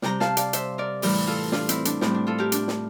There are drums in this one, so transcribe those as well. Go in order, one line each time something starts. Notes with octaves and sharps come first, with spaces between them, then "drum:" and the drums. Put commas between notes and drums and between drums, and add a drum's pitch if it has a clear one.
C3 G3 G5 A#5, drum: snare
F5 A5, drum: snare
D5 F5, drum: hi-hat
C5 E5, drum: hi-hat
A#4 D5
A2 E3 G3 G4 A#4, drum: open hi-hat
F4 A4
D4 F4, drum: snare
C4 E4, drum: hi-hat
D4, drum: hi-hat
A2 G3 C4, drum: snare
D4
F4 A4
G4 A#4
D4, drum: hi-hat
drum: snare